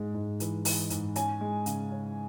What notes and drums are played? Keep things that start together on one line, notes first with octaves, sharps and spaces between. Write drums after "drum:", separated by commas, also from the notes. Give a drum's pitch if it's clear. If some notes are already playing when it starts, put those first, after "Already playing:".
Already playing: G#2 G#3
G#2
E3, drum: hi-hat
E3, drum: open hi-hat
G#2, drum: hi-hat
C#4 G#5, drum: hi-hat
G#3
C#3, drum: hi-hat
C#4